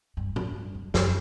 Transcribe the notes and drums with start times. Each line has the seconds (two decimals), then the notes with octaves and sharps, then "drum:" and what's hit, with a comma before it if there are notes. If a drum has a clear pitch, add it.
0.17 G2
0.36 A#2, drum: tom A2
0.56 G2
0.75 F#2
0.94 F#2, drum: snare